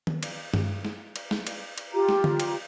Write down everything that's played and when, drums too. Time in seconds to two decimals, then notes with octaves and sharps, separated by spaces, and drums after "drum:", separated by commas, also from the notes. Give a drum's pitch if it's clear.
0.07 drum: tom D#3
0.23 drum: cymbal
0.54 drum: tom
0.85 drum: snare
1.16 drum: cymbal
1.31 drum: snare
1.47 drum: cymbal
1.78 drum: cymbal
1.93 F4 G4 A#5
2.09 drum: snare
2.24 drum: tom D3
2.40 drum: cymbal